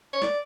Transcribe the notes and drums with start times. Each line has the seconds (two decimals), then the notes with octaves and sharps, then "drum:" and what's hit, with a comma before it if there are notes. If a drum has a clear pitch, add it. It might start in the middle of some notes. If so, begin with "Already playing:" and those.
0.13 C#5
0.22 D5, drum: snare